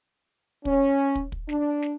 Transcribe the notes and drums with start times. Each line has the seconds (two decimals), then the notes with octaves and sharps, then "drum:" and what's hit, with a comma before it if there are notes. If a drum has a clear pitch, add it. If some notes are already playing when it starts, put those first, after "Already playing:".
0.65 C#4, drum: kick
1.15 drum: kick
1.32 drum: kick
1.49 D4, drum: snare
1.82 drum: snare